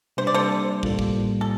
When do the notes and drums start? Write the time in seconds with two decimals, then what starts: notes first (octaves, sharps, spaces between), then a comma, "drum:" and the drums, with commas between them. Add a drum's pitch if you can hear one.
0.17 C3 G3 A#3 D4 C5
0.27 D5
0.34 A4 C5
0.83 A2 G3 A#3 F4 A4, drum: kick
0.99 drum: kick
1.41 A4